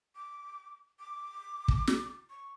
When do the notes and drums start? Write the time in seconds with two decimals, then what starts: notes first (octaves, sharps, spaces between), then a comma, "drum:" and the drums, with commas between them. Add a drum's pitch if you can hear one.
0.15 D6
1.00 D6
1.68 drum: kick
1.87 drum: snare
2.30 C#6